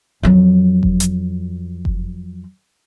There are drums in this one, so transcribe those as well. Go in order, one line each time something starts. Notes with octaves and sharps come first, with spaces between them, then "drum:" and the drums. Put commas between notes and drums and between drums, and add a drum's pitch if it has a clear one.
F2 F#3
drum: kick F#1
drum: hi-hat
drum: kick F#1